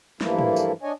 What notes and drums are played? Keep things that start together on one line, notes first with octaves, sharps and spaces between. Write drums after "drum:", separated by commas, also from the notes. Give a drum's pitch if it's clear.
G2 E3 F3 A3 A#3 E4, drum: snare
drum: tom
drum: tambourine
D4 C#5 D#5 G#5